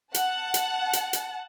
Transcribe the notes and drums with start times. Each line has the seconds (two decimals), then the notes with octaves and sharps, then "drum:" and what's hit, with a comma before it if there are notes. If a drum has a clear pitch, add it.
0.14 F#5 A5, drum: hi-hat
0.54 drum: hi-hat
0.93 drum: hi-hat
1.13 drum: hi-hat